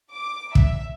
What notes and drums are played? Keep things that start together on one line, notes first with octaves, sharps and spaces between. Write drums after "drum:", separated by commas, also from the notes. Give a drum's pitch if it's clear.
D6
E5, drum: kick